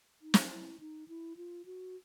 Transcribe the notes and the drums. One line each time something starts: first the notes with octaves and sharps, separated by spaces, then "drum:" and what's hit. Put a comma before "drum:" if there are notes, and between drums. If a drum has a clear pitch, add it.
D#4
drum: snare
E4
D#4
E4
F4
F#4